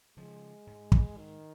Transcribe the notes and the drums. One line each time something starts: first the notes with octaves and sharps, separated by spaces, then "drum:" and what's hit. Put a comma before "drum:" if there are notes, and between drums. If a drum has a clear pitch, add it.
C#3 F3 G#3
G#2
drum: kick
D#3